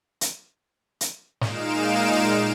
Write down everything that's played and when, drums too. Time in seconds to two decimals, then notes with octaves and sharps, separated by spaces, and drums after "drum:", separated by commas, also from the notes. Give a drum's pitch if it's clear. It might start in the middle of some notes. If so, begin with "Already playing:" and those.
0.21 drum: hi-hat
1.01 drum: hi-hat
1.41 A#2 G#3 D#4 F5 D7 E7, drum: snare